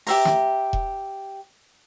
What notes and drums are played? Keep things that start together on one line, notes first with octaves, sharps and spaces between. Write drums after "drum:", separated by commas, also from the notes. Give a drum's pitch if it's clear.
G4 E5 A#5, drum: open hi-hat
drum: snare
drum: kick E1